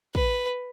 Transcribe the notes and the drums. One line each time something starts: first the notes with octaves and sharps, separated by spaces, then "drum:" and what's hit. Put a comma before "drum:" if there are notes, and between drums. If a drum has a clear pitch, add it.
B4, drum: kick